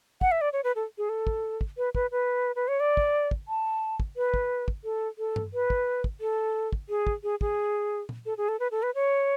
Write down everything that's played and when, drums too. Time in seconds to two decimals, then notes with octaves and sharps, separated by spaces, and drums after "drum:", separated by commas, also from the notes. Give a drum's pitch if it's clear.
0.21 F#5, drum: kick
0.32 E5
0.41 D5
0.53 C#5
0.64 B4
0.76 A4
0.98 G#4
1.09 A4
1.27 drum: kick
1.61 drum: kick
1.78 B4
1.95 B4, drum: kick
2.12 B4
2.56 B4
2.68 C#5
2.80 D5
2.97 drum: kick
3.31 drum: kick
3.48 A5
4.00 drum: kick
4.17 B4
4.34 drum: kick
4.68 drum: kick
4.84 A4
5.18 A4
5.36 drum: tom G2
5.54 B4
5.70 drum: kick
6.04 drum: kick
6.21 A4
6.73 drum: kick
6.89 G#4
7.07 drum: kick
7.23 G#4
7.41 G#4, drum: kick
8.09 drum: tom
8.26 A4
8.38 G#4
8.49 A4
8.60 B4
8.71 A4
8.83 B4
8.95 C#5